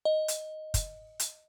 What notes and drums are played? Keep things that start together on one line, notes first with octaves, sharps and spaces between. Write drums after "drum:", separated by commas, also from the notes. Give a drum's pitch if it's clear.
D#5
drum: hi-hat
drum: kick, hi-hat
drum: hi-hat